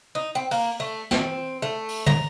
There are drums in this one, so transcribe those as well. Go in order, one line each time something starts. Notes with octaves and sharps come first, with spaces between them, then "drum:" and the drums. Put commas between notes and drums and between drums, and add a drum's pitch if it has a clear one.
D#4
C4
A#3, drum: open hi-hat
A3
C4, drum: snare
A3
drum: open hi-hat
A#5, drum: tom